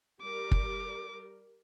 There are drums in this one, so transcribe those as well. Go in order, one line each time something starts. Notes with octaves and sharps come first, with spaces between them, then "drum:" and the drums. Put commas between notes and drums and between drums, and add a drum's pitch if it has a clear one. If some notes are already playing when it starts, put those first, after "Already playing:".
G3 A#4 D6
drum: kick